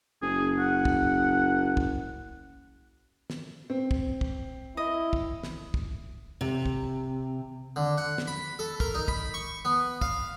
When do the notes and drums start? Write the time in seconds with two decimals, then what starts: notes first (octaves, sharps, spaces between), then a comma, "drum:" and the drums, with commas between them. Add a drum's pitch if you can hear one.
0.22 F#1 G#4
0.59 F#5
0.85 drum: kick
1.77 drum: kick
3.30 drum: snare
3.70 C4
3.91 drum: kick
4.21 drum: kick
4.77 E4 D#5
5.13 drum: kick
5.43 drum: snare
5.74 drum: kick
6.41 C3
6.66 drum: kick
7.76 D3
7.98 F#5
8.18 drum: snare
8.27 B5
8.59 A4
8.80 A#4, drum: kick
8.94 D#4
9.08 B5, drum: kick
9.34 C#6
9.65 B3
10.01 F5, drum: kick